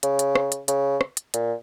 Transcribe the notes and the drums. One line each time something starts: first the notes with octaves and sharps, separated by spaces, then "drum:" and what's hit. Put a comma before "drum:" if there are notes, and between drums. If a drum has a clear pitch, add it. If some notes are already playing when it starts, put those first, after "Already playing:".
C#3, drum: hi-hat
drum: hi-hat
drum: rim click
drum: hi-hat
C#3, drum: hi-hat
drum: rim click
drum: hi-hat
A#2, drum: hi-hat